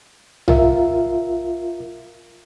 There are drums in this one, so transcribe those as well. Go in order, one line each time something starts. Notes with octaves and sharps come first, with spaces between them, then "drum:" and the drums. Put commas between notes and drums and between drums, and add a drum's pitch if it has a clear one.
F4 A#4 E5, drum: tom